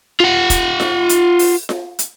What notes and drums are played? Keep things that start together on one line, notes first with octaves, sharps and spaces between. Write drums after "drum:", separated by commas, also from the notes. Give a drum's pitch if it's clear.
F4 F#5
drum: kick, hi-hat
drum: snare F4
drum: hi-hat
drum: open hi-hat
drum: snare F4
drum: hi-hat